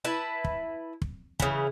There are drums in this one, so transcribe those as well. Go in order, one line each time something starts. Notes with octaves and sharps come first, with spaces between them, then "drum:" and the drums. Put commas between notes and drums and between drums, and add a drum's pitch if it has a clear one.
E4 B4 A5
drum: kick
drum: kick
C#3 E3, drum: kick